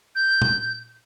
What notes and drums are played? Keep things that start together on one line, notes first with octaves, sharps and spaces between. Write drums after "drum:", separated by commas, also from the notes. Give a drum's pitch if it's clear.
G6
drum: tom A#2